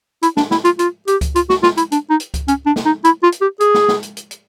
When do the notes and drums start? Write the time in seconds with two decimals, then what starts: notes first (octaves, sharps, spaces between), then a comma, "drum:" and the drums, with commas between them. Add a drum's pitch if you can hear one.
0.22 E4, drum: hi-hat
0.37 D4, drum: snare
0.51 E4, drum: snare
0.65 F4, drum: hi-hat
0.79 F4, drum: hi-hat
1.07 G4, drum: hi-hat
1.21 drum: kick C#2, hi-hat
1.35 F4, drum: hi-hat
1.50 F#4, drum: snare
1.63 F4, drum: snare
1.77 E4, drum: hi-hat
1.92 D4, drum: hi-hat
2.10 D#4
2.20 drum: hi-hat
2.34 drum: kick C#2, hi-hat
2.48 C#4, drum: hi-hat
2.66 D4
2.76 drum: snare
2.85 D#4
3.04 E4, drum: hi-hat
3.23 F4
3.32 drum: hi-hat
3.41 G4
3.60 G#4, drum: hi-hat
3.74 drum: snare
3.88 drum: snare
4.03 drum: hi-hat
4.17 drum: hi-hat
4.31 drum: hi-hat